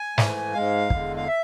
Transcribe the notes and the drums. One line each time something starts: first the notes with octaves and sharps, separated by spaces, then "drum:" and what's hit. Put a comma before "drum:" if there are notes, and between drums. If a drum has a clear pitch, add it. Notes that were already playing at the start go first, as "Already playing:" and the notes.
Already playing: G#5
G#2 E3 A3, drum: snare
G#2 G#3 F5
E2 D3 G#3, drum: kick
F5
E5